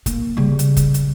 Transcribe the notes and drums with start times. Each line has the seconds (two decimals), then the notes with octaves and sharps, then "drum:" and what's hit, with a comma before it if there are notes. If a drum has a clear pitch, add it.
0.06 A#3, drum: kick F1, hi-hat
0.37 C#3 G3
0.59 drum: hi-hat
0.77 drum: kick F1, hi-hat
0.94 drum: hi-hat